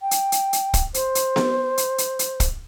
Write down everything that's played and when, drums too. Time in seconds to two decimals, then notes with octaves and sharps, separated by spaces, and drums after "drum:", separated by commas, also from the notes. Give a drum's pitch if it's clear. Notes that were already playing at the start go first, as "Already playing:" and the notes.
0.02 G5
0.11 drum: hi-hat
0.32 drum: hi-hat
0.53 drum: hi-hat
0.74 drum: kick, hi-hat
0.94 C5, drum: hi-hat
1.15 drum: hi-hat
1.36 drum: snare B3
1.78 drum: hi-hat
1.98 drum: hi-hat
2.19 drum: hi-hat
2.40 drum: kick, hi-hat